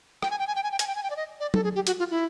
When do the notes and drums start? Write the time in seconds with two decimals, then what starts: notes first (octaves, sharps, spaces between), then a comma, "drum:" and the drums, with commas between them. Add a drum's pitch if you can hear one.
0.22 G5, drum: rim click
0.31 G#5
0.39 G5
0.47 G#5
0.55 G5
0.63 G#5
0.72 G5
0.79 G#5, drum: hi-hat
0.87 G5
0.96 G#5
1.03 G5
1.10 D5
1.17 D#5
1.40 D5
1.54 A4, drum: tom F#3
1.64 G#4
1.75 G4
1.87 F#4, drum: hi-hat
1.99 F4
2.11 E4